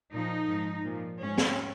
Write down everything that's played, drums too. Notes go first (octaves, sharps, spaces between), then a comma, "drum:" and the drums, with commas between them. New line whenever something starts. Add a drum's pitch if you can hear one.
A#2 F3 D#4
G#2 F3
A#2 F3
G#2 F3 C#4
drum: snare